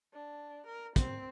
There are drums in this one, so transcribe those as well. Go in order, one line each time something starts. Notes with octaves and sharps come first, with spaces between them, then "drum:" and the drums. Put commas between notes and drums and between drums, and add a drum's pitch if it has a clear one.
D4
A#4
C4, drum: kick, hi-hat